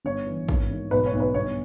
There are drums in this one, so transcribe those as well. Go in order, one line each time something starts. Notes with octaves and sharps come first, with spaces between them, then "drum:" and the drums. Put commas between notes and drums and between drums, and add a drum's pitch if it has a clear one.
G1 C#5
E3
G#1, drum: kick
G#1
B1 B4
C#5
B1
B4
G1 C#5